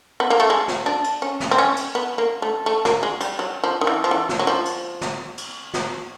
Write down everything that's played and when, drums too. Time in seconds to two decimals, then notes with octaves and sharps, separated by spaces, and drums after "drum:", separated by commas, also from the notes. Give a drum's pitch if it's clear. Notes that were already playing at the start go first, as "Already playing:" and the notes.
0.20 B3
0.30 A#3
0.40 A3
0.50 G#3
0.68 drum: snare
0.86 D4
1.04 drum: cymbal
1.22 C#4
1.40 drum: snare
1.51 C4
1.58 C#4
1.76 drum: cymbal
1.95 B3
2.18 A#3
2.42 A3
2.66 A3
2.85 A#3, drum: snare
3.03 G#3
3.21 G3, drum: cymbal
3.39 F#3
3.64 F3
3.81 D#3
3.87 E3
4.04 F3
4.11 E3
4.29 drum: snare
4.39 F#3
4.47 F3
4.65 drum: cymbal
5.01 drum: snare
5.38 drum: cymbal
5.74 drum: snare